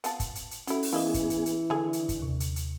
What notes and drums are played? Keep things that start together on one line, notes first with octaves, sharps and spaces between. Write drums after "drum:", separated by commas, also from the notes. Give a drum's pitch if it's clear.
B3 F4 A5, drum: hi-hat
drum: kick, hi-hat
drum: hi-hat
drum: hi-hat
F#3 C#4 E4 F#4 A4, drum: hi-hat
drum: open hi-hat
E3 A#3 B3 E4 G#4 D#5 E6
drum: kick, hi-hat
drum: hi-hat
drum: hi-hat
D3 A3 G#4
drum: hi-hat
drum: kick, hi-hat
D#2 C3
drum: hi-hat
drum: hi-hat